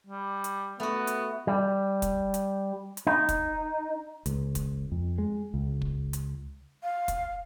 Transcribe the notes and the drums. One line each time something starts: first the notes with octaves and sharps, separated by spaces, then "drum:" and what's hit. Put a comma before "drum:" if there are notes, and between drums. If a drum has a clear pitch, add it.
G3
drum: hi-hat
A3 B3 F#4
drum: hi-hat
G3
drum: kick, hi-hat
drum: hi-hat
drum: hi-hat
D#4
drum: kick, hi-hat
C#2, drum: hi-hat
drum: kick, hi-hat
F2
G#3
C#2
drum: kick
drum: hi-hat
F5
drum: kick, hi-hat